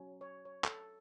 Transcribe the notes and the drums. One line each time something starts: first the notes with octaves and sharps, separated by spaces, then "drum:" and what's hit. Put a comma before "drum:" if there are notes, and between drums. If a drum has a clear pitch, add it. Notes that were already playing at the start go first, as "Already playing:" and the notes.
Already playing: F#3 C#4
C#5
C#5
A4, drum: clap